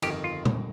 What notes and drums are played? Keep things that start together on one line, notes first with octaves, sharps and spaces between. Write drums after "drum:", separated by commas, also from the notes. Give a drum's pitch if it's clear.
G1 F2 D#3 G4, drum: cymbal
F4
drum: tom A#2